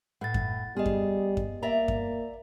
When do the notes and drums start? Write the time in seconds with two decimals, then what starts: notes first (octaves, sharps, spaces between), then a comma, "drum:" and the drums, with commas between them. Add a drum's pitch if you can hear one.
0.21 A2 F#5 A6
0.34 drum: kick F#2
0.77 G3 B3 G#4 D#5
0.86 drum: kick F#2
1.37 drum: kick F#2
1.63 A#3 D5 E5 A#5
1.88 drum: kick F#2